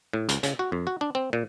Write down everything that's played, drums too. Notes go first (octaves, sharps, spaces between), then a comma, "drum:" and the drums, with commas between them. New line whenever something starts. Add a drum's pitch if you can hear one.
A2
C#2, drum: hi-hat
C#3, drum: hi-hat
F#4
F2
F#4
D4
C4
A#2